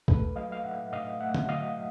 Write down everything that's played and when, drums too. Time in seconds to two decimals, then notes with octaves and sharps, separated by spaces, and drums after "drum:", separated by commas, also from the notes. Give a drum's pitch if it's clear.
0.08 A3 A4 B4, drum: kick
0.36 F#3 D#5 F5
0.52 F5
0.64 A2 E5 F#5
0.92 A2 D#5 F5
1.20 A3 E5 F#5
1.35 drum: tom D3
1.48 F#3 D#5 F5